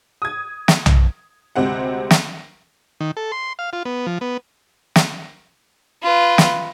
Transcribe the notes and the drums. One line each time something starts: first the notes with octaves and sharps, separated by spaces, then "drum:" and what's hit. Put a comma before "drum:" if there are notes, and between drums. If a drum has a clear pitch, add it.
D#6 G#6
drum: snare
drum: tom B1
D2 C3 G#3 C4 F#5
drum: snare
D#3
A4
C6
F5
F4
B3
F3
B3
drum: snare
F4 B4
drum: snare